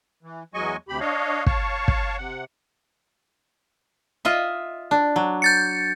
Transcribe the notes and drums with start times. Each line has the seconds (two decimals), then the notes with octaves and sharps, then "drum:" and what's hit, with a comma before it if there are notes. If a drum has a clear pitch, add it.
0.23 E3
0.54 E2 F#3 G#3 D#5 G#5 C#6
0.89 D2 C3 G4 B5
1.00 D4 C#5 D#5 F5
1.46 C#5 F5 A5 C#6, drum: kick
1.88 drum: kick
2.18 C3 F#5
4.25 F4 D#5 E5
4.91 D4
5.16 F#3
5.42 G6 A6 C#7